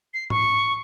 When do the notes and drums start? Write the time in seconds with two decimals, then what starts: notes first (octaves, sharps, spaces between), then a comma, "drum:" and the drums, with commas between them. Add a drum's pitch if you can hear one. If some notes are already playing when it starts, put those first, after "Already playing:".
0.14 C7
0.30 C#6, drum: tom G#2